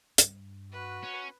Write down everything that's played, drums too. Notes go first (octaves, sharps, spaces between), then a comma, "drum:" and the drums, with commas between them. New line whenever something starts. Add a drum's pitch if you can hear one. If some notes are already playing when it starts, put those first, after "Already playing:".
G2, drum: hi-hat
F#4 B4
C#4